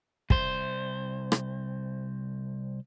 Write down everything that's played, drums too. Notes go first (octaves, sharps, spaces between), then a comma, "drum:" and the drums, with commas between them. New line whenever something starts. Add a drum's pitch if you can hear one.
C2 C5, drum: kick
drum: rim click